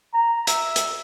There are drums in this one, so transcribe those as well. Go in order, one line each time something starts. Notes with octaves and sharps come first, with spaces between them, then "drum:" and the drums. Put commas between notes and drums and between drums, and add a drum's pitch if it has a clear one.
A#5
E5, drum: hi-hat
drum: hi-hat